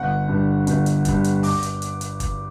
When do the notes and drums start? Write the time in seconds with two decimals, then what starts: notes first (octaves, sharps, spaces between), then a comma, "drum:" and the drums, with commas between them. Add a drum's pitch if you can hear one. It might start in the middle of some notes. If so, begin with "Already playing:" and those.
Already playing: G1 F#5
0.28 G2
0.34 D3
0.67 G1, drum: hi-hat
0.86 drum: hi-hat
1.05 G2 D3, drum: kick, hi-hat
1.24 drum: hi-hat
1.43 D6, drum: open hi-hat
1.63 drum: hi-hat
1.82 drum: hi-hat
2.01 drum: hi-hat
2.20 drum: kick, hi-hat